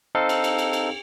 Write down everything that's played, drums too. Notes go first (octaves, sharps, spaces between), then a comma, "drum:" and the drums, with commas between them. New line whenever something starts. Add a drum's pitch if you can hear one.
C4 D#4 A4 F5
drum: cymbal
drum: cymbal
drum: cymbal
drum: cymbal